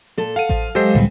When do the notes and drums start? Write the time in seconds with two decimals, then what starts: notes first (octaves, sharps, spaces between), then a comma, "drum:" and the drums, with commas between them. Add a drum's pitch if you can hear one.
0.18 A#2 A4
0.36 F5 F#5 D#7
0.49 F3, drum: kick A1
0.75 F#3 G#3 G4 A4 C5 D#5 F5
0.95 D2 A#2 G3 B3 C4